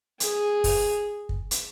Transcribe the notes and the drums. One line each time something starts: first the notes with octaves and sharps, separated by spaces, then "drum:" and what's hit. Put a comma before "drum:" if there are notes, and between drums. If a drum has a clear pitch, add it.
G#4, drum: hi-hat
drum: kick, open hi-hat
drum: kick
drum: hi-hat